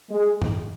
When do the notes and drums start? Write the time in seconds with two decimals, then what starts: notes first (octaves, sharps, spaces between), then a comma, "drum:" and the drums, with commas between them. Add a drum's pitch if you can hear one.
0.10 G#3
0.42 drum: tom G2